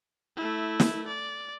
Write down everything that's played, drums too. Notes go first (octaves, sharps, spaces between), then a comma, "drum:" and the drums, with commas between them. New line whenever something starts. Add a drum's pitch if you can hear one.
A3 E4
drum: snare
D5